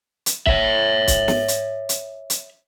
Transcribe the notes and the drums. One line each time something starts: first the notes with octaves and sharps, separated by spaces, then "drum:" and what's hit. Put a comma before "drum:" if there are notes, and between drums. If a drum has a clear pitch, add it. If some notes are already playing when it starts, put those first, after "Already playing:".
drum: hi-hat
C#5 E5, drum: kick
drum: kick, hi-hat
drum: snare
drum: hi-hat
drum: hi-hat
drum: hi-hat